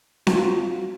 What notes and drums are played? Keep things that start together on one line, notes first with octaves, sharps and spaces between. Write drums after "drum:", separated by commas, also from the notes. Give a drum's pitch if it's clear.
F#4, drum: snare C4
F4